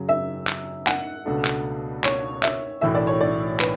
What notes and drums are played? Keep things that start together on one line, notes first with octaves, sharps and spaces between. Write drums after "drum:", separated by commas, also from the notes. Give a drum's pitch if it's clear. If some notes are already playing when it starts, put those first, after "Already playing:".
Already playing: F#2 C#3 F#3
E5
drum: clap
F#5, drum: clap
C#2 B2 A3 D4 A4
drum: clap
C#5, drum: clap
E5, drum: clap
B1 A2 E3 A3 E5
D5
C#5
D5
B4, drum: clap